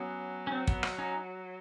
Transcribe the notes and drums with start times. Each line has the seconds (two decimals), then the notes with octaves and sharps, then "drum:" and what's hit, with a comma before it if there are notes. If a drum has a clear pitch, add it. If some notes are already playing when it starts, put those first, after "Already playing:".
Already playing: F#3 B3 C#4
0.47 C#4
0.52 C4
0.67 B3, drum: kick
0.83 drum: rim click
0.98 C#4 D#4